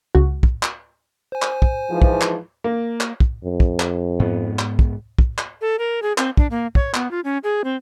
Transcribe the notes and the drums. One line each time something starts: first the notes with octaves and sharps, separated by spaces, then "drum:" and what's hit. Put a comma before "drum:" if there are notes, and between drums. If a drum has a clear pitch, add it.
C#2 F#4
drum: kick
drum: clap
C5 G#5
drum: clap
drum: kick
G#2 E3 F3
drum: kick
drum: clap
A#3
drum: clap
drum: kick
F2
drum: kick
drum: clap
G#2 B3
drum: clap
drum: kick
drum: kick
drum: clap
A4
A#4
G#4
C4, drum: clap
D4, drum: kick
A#3
C#5, drum: kick
B3, drum: clap
F4
C#4
G#4
C4